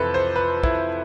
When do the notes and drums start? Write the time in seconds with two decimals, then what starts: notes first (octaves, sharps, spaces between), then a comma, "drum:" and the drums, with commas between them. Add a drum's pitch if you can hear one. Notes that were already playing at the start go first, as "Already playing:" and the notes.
Already playing: F2 C3 E3 A4 B4
0.14 C5
0.36 B4
0.63 E4, drum: kick